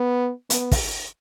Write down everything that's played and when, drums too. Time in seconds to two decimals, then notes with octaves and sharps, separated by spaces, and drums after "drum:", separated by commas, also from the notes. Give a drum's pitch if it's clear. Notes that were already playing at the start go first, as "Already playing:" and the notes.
Already playing: B3
0.50 B3, drum: hi-hat
0.72 drum: kick, open hi-hat